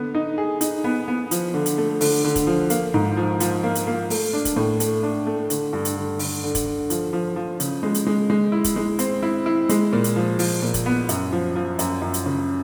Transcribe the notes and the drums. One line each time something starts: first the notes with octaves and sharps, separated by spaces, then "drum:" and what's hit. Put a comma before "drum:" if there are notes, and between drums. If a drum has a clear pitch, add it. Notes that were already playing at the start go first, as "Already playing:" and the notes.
Already playing: D3 B3
D#4
G#4
D#4, drum: hi-hat
B3
B3
F3, drum: hi-hat
D3
drum: hi-hat
A3
D3, drum: open hi-hat
D3
drum: kick, hi-hat
F3
A#3, drum: hi-hat
G#2
F3
F3, drum: hi-hat
A#3
drum: hi-hat
A#3
A3, drum: open hi-hat
D4
drum: kick, hi-hat
A2
A3, drum: hi-hat
D4
A3
D3, drum: hi-hat
G2
drum: hi-hat
D3
D3, drum: open hi-hat
D3
drum: kick, hi-hat
D3
F3, drum: hi-hat
F3
F3
C#3, drum: hi-hat
G#3
drum: hi-hat
G#3
G#3
E4
drum: kick, hi-hat
G#3
C4, drum: hi-hat
E4
E4
G#3, drum: hi-hat
A#2
drum: hi-hat
F3
F3, drum: open hi-hat
A#2
drum: kick, hi-hat
B3
F#2, drum: hi-hat
F3
F3
F#2, drum: hi-hat
F#2
drum: hi-hat
C#3